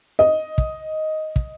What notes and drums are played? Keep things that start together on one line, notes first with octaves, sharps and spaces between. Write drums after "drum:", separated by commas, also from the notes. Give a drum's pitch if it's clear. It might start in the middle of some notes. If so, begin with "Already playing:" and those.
D#5
drum: kick
drum: kick